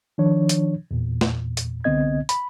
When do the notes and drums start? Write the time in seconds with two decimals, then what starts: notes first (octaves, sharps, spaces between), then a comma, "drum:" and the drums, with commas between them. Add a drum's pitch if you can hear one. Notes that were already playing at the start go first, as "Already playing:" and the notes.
0.18 D#3 F3 D4 C#5
0.49 drum: hi-hat
0.91 E2 A#2
1.21 drum: snare
1.57 drum: hi-hat
1.84 C2 D3 B3 C4 D#5 G#6
2.29 B5, drum: hi-hat